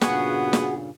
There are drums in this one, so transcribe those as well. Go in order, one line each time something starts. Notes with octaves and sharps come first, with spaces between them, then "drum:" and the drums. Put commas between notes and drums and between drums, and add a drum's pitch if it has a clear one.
G2 A#2 C#3 B3 F#4 G#4 F#5, drum: snare
drum: snare